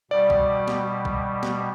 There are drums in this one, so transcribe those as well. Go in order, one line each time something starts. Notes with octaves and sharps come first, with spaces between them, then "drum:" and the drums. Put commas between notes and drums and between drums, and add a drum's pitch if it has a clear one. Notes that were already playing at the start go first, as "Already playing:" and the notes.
B2 G3 D5
drum: kick
drum: snare
drum: kick
drum: snare